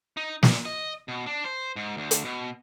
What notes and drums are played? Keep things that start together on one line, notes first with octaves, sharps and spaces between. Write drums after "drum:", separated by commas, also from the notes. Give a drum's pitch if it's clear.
D#4
A#2, drum: snare
D#5
B2
D4
C5
G#2
D2
drum: hi-hat
B2